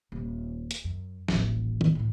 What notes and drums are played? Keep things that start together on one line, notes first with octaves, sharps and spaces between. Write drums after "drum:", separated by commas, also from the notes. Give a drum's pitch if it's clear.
D#1
drum: hi-hat
F#2
D#1 A1, drum: snare
drum: tom
A2 E3